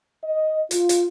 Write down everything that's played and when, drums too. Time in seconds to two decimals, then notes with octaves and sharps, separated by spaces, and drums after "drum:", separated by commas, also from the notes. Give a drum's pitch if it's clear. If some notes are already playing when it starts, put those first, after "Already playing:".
0.24 D#5
0.71 F4, drum: hi-hat
0.89 drum: hi-hat